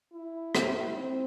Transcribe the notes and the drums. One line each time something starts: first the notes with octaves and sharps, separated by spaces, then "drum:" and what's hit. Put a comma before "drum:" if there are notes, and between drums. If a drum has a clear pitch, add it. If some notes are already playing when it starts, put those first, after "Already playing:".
E4
drum: rim click
C4